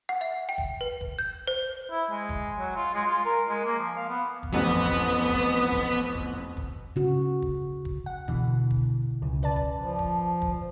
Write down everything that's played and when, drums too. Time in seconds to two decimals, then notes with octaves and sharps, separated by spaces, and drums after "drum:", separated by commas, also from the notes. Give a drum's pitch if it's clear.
0.09 F#5
0.21 E5
0.49 G5
0.58 drum: kick
0.81 B4
1.01 drum: kick
1.19 G6
1.47 C5
1.91 E4
2.11 G#3
2.29 drum: kick
2.58 F#3
2.76 F4
2.94 G#3
3.06 F4
3.25 A#4
3.49 G#3
3.65 A#3
3.79 F3
3.96 F5
4.09 B3
4.43 drum: kick
4.54 A1 F2 B3
4.86 drum: kick
5.28 drum: kick
5.71 drum: kick
6.14 drum: kick
6.57 drum: kick
6.96 C#3 F#4
7.42 drum: kick
7.85 drum: kick
8.06 F#5
8.28 B2 D3 E3, drum: kick
8.71 drum: kick
9.22 C#2 F#2 C#3
9.43 B4 D5 A5
9.56 drum: kick
9.79 F3
9.99 drum: kick
10.42 drum: kick